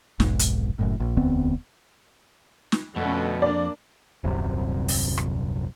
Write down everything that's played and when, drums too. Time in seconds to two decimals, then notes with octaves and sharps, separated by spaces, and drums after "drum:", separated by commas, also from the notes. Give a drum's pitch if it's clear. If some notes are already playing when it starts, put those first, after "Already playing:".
0.20 F1 B1 G#2, drum: snare
0.39 drum: hi-hat
0.79 F#1 F#2 A2
1.00 A#1
1.17 E1 D2 B3 C4
2.72 drum: snare
2.96 F2 B2 D3 A3 C#4
3.42 A#3 D4 D5
4.24 D#1 C2 F#2 C3
4.88 drum: open hi-hat
5.18 drum: rim click